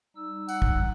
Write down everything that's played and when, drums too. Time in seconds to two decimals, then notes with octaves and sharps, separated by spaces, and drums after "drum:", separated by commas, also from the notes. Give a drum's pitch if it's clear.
0.16 G3 D#4 E6
0.48 F#5, drum: tambourine
0.62 drum: kick